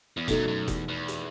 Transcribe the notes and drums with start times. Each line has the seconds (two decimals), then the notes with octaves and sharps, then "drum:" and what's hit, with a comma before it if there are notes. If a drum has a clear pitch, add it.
0.17 E2
0.28 F#2 B2 A3 D#4 A4, drum: kick F1, hi-hat
0.48 F#2
0.68 E2, drum: kick F1, hi-hat
0.88 E2
1.08 drum: hi-hat